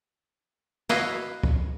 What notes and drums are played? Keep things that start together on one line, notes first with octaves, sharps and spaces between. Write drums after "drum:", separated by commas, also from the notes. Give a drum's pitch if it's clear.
E4 F#4 D#5 F5, drum: snare
drum: kick